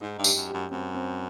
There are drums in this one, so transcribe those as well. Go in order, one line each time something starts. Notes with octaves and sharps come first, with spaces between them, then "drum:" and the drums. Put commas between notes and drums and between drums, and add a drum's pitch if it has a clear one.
G#2 D#4
G2
G4, drum: tambourine
F#2
G4
F#2
F#2 C4
C4